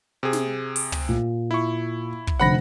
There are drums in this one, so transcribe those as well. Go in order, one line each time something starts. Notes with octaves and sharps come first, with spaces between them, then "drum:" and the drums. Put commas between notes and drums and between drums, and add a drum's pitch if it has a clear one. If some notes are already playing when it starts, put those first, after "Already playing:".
C3 G#4
drum: snare
drum: open hi-hat
drum: tom
A#2
E4 C#6
drum: kick
F1 D3 C5 F#5 B5 A#6